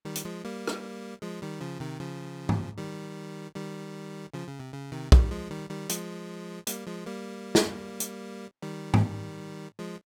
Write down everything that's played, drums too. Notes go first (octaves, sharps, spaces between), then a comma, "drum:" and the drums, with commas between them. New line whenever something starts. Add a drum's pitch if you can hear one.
D#3 G3
drum: hi-hat
F3 G#3
G3 A#3
drum: rim click
F3 G#3
D#3 G3
C#3 F3
C3 D#3
C#3 F3
drum: tom G#2
D#3 G3
D#3 G3
C#3 F3
C#3
C3
C#3
C3 D#3
D#3 G3, drum: kick
F3 G#3
D#3 G3
D#3 G3
F3 G#3, drum: hi-hat
G3 A#3, drum: hi-hat
F3 G#3
G3 A#3
drum: snare
drum: hi-hat
D#3 G3
drum: tom G#2
F3 G#3